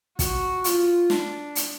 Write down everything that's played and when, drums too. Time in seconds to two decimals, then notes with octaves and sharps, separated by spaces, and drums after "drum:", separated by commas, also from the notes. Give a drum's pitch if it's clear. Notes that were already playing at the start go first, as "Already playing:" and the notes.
0.19 F#4, drum: kick, hi-hat
0.64 F4, drum: hi-hat
1.10 D4, drum: snare
1.55 drum: hi-hat